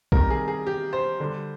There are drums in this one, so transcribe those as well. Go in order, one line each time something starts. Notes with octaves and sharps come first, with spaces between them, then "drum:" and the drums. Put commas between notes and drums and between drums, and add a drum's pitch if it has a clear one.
C3 D#3 G3 A#4, drum: kick B1
G#4
G#4
G4
C5
D3 G3